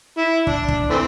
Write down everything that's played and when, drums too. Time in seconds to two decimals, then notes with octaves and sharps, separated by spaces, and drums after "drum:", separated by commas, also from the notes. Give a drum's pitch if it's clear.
0.18 E4
0.47 D4, drum: kick
0.68 drum: kick
0.90 E3 A3 C4